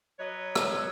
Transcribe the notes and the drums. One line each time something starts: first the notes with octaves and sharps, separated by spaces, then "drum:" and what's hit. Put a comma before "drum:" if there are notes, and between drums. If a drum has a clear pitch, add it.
F#3 B4 C#5 D#5
drum: rim click